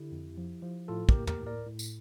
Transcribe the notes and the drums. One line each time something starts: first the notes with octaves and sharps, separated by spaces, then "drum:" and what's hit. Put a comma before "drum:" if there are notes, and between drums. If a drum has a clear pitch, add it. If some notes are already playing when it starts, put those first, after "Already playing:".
Already playing: D3 E4 G4
F2
F3
F3
A2 F4 A4
G4 A#4, drum: kick
A#3
G4 A#4, drum: tom
A2
A#4 D5
A2
drum: tambourine